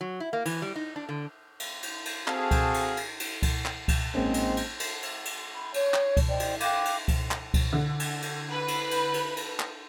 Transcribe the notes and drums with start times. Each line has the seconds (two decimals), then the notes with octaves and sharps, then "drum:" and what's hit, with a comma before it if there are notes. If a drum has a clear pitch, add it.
0.01 F#3
0.20 E4
0.33 A#3
0.45 E3, drum: cymbal
0.62 G3
0.76 D#4
0.96 D4
1.09 D3
1.60 drum: cymbal
1.83 drum: cymbal
2.05 drum: cymbal
2.27 C4 F#4 G#4 A4 F5 A5, drum: clap
2.51 drum: kick C#2, cymbal
2.74 drum: cymbal
2.97 drum: cymbal
3.20 drum: cymbal
3.43 drum: kick C#2, cymbal
3.65 drum: clap
3.88 drum: kick C#2, cymbal
4.15 A1 G#2 G#3 A#3 C4 C#4
4.34 drum: cymbal
4.57 drum: cymbal
4.80 drum: cymbal
5.02 drum: cymbal
5.25 drum: cymbal
5.53 B5
5.74 C#5, drum: cymbal
5.94 drum: clap
6.17 drum: kick C#2, cymbal
6.28 C5 D5 D#5 G5
6.40 drum: cymbal
6.60 F5 G5 D6 F#6, drum: cymbal
6.85 drum: cymbal
7.08 drum: kick C#2, cymbal
7.31 drum: clap
7.54 drum: kick C#2, cymbal
7.73 D3
8.00 drum: cymbal
8.22 drum: cymbal
8.51 B4
8.68 drum: cymbal
8.91 drum: cymbal
9.14 drum: cymbal
9.37 drum: cymbal
9.59 drum: clap